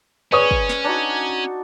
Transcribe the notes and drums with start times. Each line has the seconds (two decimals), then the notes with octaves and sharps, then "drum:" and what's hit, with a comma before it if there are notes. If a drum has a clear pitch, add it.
0.32 G#3 C#4 B4 C#5 D5 C#6 D#6
0.51 drum: kick
0.69 drum: snare
0.84 D4 D#4 F#4